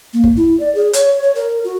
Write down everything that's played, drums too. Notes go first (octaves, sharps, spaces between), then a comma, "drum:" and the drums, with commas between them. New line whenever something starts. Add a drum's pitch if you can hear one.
A#3
drum: kick G1
E4
D5
G#4
C#5, drum: hi-hat
C#5
A#4
F#4